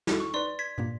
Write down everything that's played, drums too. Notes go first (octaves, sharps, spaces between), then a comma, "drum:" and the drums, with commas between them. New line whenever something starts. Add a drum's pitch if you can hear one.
E4 F#4 A4, drum: snare
C#6
D#4 B4 D5 C6
G#6 B6
G2 A#2 A#3